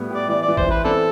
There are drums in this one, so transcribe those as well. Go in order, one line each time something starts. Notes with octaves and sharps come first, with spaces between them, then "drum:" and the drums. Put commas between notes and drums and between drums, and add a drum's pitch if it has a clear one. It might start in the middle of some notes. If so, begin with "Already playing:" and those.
Already playing: A2 G3 B3
G4 D5
E3 D5
D5
E3
C5, drum: kick A1
E3 B4
C4 D4 A4